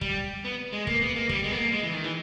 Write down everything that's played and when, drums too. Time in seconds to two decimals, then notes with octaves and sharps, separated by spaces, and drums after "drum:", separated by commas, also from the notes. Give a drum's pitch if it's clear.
0.01 G3, drum: kick
0.45 B3
0.73 G#3
0.87 A#3, drum: kick
1.01 B3
1.16 A#3
1.29 G3, drum: kick
1.44 G#3
1.51 B3
1.58 A#3
1.72 G#3
1.83 E3
1.93 D#3
2.04 E3